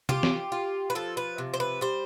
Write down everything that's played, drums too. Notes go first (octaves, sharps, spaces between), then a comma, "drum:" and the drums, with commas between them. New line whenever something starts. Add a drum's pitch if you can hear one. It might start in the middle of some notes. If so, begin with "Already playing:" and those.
F4 G4, drum: tom C3
drum: snare
F4
B4
F3 A4
B4
C3
C5
B4
G3 C5